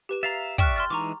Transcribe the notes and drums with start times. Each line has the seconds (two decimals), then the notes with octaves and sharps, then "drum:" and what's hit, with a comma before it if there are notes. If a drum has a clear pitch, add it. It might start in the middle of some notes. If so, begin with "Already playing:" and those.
0.09 G4 B4 E7
0.23 E5 F5 A#5 A6 C7
0.58 D5 E5 G5 C#6 F6 F#6, drum: kick
0.76 C6 F6 A6
0.90 E3 G#3 D#4 A#5 C#6 D6